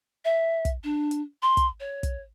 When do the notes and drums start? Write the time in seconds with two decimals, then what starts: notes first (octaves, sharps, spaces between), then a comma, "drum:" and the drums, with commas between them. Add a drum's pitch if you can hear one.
0.25 E5
0.65 drum: kick, hi-hat
0.84 D4
1.11 drum: hi-hat
1.42 C6
1.57 drum: kick, hi-hat
1.80 C#5
2.03 drum: kick, hi-hat